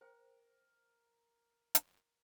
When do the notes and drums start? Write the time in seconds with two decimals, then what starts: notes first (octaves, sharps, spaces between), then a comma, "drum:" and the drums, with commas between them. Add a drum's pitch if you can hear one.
0.01 A#4 C5 G5
1.75 drum: hi-hat